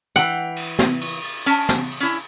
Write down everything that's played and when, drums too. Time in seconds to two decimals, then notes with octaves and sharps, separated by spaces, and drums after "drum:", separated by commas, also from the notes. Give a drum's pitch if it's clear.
0.16 E3 F#5 G5
0.56 drum: cymbal
0.79 drum: snare
1.01 drum: cymbal
1.24 drum: cymbal
1.46 C#4 A5, drum: cymbal
1.69 drum: snare
1.91 drum: cymbal
2.00 C#4 E4